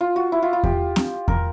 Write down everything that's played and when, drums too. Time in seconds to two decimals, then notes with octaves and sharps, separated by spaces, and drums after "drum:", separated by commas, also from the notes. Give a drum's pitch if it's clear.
0.01 F4
0.16 F#4
0.32 E4
0.43 F4
0.53 F4
0.63 G4, drum: kick E2
0.96 drum: snare C4
1.28 A#4, drum: kick E2